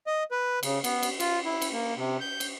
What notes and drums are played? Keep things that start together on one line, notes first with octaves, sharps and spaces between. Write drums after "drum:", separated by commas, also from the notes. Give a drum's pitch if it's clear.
D#5
B4
C#3, drum: cymbal
B3, drum: cymbal
drum: cymbal
F4, drum: cymbal
E4
drum: cymbal
A#3
C3
G6
drum: cymbal